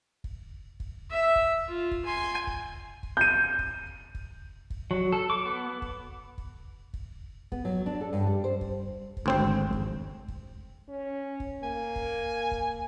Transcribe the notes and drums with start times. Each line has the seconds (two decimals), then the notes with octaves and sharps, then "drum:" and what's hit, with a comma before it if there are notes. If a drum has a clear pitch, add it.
0.24 drum: kick
0.80 drum: kick
1.10 E5
1.36 drum: kick
1.68 F4
1.91 drum: kick
2.04 G#5 C6
2.47 drum: kick
3.03 drum: kick
3.17 G6 D#7
3.59 drum: kick
4.15 drum: kick
4.70 drum: kick
4.91 F#3
5.12 A4
5.30 D6
5.45 B3
5.82 drum: kick
6.38 drum: kick
6.94 drum: kick
7.52 B3, drum: kick
7.65 F#3
7.86 D4
8.01 A4
8.13 G2
8.27 G3
8.44 C5
8.61 drum: kick
9.17 drum: kick
9.26 G#1 D2 G#3 C4 C5
9.72 drum: kick
10.28 drum: kick
10.89 C#4
11.40 drum: kick
11.63 A#3 G#5
11.96 drum: kick
12.51 drum: kick